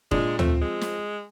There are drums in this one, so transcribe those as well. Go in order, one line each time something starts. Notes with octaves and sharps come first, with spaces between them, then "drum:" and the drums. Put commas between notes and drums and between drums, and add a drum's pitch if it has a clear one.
A#2 G#3 D4 F4, drum: kick F1
F3 A3 C4 F4, drum: tom
G#3
drum: snare